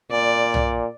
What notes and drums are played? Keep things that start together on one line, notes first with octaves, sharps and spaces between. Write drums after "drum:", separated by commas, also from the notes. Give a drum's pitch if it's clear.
A#2 D5
drum: tom B1